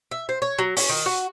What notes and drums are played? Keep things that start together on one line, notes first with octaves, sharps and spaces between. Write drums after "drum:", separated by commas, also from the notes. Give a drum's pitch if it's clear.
E5
C5
C#5
F#3
C#4, drum: open hi-hat
D#3
F#4